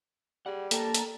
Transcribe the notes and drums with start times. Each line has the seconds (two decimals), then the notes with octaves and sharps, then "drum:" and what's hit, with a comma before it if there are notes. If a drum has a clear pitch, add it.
0.46 G3 G#4 F#5
0.71 A#3 D4 A4 G5 A5 A#5, drum: hi-hat
0.94 drum: hi-hat